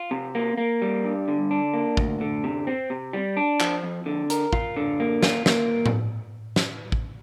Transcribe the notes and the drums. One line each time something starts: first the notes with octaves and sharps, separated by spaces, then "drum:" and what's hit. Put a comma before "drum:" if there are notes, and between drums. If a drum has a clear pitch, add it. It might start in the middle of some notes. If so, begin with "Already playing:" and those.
Already playing: F4
C3
A#3
A#3
G3
G2
D3
D4
A#3
D2, drum: kick
D3
C3
C4
C3
G3
D4
F3, drum: clap
F2
D3
A#4, drum: hi-hat
F4, drum: kick
D3
A#3
F4, drum: snare
A#3, drum: snare
drum: tom A2
drum: snare
drum: kick